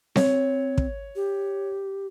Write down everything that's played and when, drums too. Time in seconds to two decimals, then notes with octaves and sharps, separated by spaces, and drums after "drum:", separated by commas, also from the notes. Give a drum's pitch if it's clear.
0.16 C4 C#5, drum: snare C4
0.78 drum: kick
1.16 G4